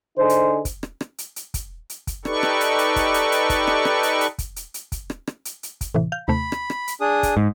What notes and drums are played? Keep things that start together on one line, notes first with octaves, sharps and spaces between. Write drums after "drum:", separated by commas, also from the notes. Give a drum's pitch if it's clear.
D3 D#4 G#4 C5
drum: hi-hat
drum: kick, hi-hat
drum: rim click
drum: rim click
drum: hi-hat
drum: hi-hat
drum: kick, hi-hat
drum: hi-hat
drum: kick, hi-hat
D#4 G4 A4 B4 D5 C#6, drum: rim click
drum: rim click
drum: hi-hat
drum: hi-hat
drum: kick, hi-hat
drum: hi-hat
drum: hi-hat
drum: kick, hi-hat
drum: rim click
drum: rim click
drum: hi-hat
drum: hi-hat
drum: kick, hi-hat
drum: hi-hat
drum: hi-hat
drum: kick, hi-hat
drum: rim click
drum: rim click
drum: hi-hat
drum: hi-hat
drum: kick, hi-hat
A2 C3 E3
F5 G6
D#2 C3 A3 B5
drum: rim click
drum: rim click
drum: hi-hat
D4 G#4 D#6
drum: kick, hi-hat
G#2